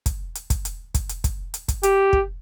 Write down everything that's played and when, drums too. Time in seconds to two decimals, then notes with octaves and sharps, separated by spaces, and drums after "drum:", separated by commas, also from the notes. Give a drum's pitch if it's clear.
0.06 drum: kick, hi-hat
0.35 drum: hi-hat
0.50 drum: kick, hi-hat
0.65 drum: hi-hat
0.95 drum: kick, hi-hat
1.09 drum: hi-hat
1.24 drum: kick, hi-hat
1.54 drum: hi-hat
1.68 drum: kick, hi-hat
1.83 G4, drum: hi-hat
2.13 drum: kick